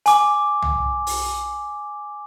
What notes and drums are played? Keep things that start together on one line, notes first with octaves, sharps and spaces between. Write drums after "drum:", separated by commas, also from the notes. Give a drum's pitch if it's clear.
G#5 D6, drum: hi-hat
drum: tom C2
drum: open hi-hat